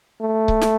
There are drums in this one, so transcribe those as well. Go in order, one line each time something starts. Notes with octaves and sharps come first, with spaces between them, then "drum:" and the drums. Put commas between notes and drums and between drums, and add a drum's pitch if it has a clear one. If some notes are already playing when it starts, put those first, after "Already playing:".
A3
drum: kick C#1
drum: snare